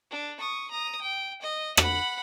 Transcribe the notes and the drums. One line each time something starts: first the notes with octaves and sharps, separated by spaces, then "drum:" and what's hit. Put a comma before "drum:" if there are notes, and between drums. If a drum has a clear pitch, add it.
D4
C#6 D#6
A#5 D#6
G5
D#5
F#5 B5, drum: rim click